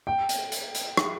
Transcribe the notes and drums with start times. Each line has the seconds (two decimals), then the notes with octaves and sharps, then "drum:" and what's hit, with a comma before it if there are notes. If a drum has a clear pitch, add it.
0.07 G5
0.29 drum: hi-hat
0.52 drum: hi-hat
0.75 drum: hi-hat
0.97 drum: rim click